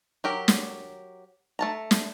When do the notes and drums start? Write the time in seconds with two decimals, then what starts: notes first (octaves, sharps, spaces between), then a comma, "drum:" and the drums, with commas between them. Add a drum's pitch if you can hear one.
0.24 F#3 G4 A#4
0.48 drum: snare
1.59 A3 A5 A#5
1.91 drum: snare